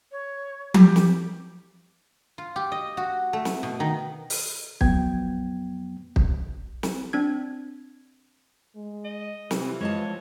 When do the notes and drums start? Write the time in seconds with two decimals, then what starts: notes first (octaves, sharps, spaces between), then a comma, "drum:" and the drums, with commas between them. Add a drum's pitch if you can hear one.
0.12 C#5
0.74 G4, drum: tom F3
0.96 drum: snare
2.38 F4
2.56 G4
2.72 D#5
2.97 F#4
3.33 A3
3.45 drum: snare
3.63 B2
3.80 D#3
4.30 drum: open hi-hat
4.81 F2 F#3 B3 G5 G#6, drum: kick
6.16 drum: kick
6.83 drum: snare
7.13 C4 D4 G#6
8.76 G#3
9.05 D#5
9.51 C3 E3 G3 F4, drum: snare
9.81 F3 G#3 C#5 D#5 A5